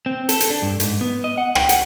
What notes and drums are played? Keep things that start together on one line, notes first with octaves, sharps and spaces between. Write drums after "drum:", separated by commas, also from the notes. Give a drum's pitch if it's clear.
C4
A4, drum: hi-hat
drum: hi-hat
D4
G2
G#2, drum: hi-hat
B3
D#5
F#5
G5, drum: rim click
F#5, drum: hi-hat